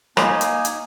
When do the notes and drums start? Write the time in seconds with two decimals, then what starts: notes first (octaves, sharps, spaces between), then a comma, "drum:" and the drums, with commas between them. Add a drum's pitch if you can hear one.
0.17 A#3 D#4 G#5, drum: rim click
0.41 drum: hi-hat
0.65 drum: hi-hat